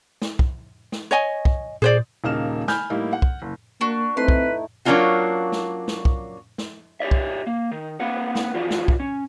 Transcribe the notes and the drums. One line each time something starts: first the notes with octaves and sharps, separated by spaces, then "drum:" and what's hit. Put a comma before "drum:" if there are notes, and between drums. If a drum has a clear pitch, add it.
drum: snare
drum: kick
drum: snare
C#5 D#5 G#5
drum: kick
A#2 G#4 C5 D5
D#1 C#3 A#3 D#4 F6 E7
G#5 B5 F6 G6, drum: snare
A2 G3 A#3 D#4 E4
F#5
drum: kick
F#1
A#3 D4 F#4
A3 C4 D#4 E4 B4 C6
drum: kick
F#3 A#3 C#4 D4 F4 F#4
drum: snare
drum: snare
drum: kick
drum: snare
G4 C#5 D5 E5
drum: kick
A#3
D#3
A#3 C4 B4 F5 F#5
drum: snare
E3 F3 F4 F#4 B4 D5
drum: snare
drum: kick
C#4